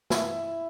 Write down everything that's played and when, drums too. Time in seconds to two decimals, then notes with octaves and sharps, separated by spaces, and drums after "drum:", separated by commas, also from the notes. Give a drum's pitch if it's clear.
0.10 E4, drum: snare